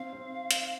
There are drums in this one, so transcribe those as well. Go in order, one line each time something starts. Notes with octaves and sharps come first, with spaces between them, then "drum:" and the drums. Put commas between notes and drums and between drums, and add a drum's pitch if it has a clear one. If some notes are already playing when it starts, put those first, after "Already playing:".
Already playing: C4 F5
C4
drum: hi-hat